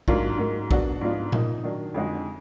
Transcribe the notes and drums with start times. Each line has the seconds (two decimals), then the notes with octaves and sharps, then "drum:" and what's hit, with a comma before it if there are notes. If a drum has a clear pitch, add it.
0.08 G#2 F#3 A#3 D4 F4, drum: kick
0.38 G#2 F#3 A#3
0.71 B2 F#3 D4 F#4, drum: kick
1.01 G#2 F3 B3 D4 F4
1.32 F3 A#3 D#4, drum: tom A#2
1.64 D#3 F#3 D4
1.94 F2 D3 G#3 D#4 F#4